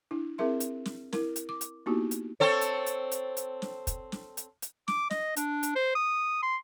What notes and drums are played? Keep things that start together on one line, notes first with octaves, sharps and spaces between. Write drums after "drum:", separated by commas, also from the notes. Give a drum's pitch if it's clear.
D4 E4
C4 E4 G#4 A#4 E5 C6
drum: hi-hat
drum: snare
E4 A#4, drum: snare
drum: hi-hat
D6
drum: hi-hat
A#3 B3 D#4 E4 F#4 G4
drum: hi-hat
C4 A4 C#5
drum: hi-hat
drum: hi-hat
drum: hi-hat
drum: hi-hat
drum: snare
drum: kick, hi-hat
drum: snare
drum: hi-hat
drum: hi-hat
D6, drum: snare
D#5, drum: snare
D4, drum: hi-hat
drum: hi-hat
C5
D#6
C6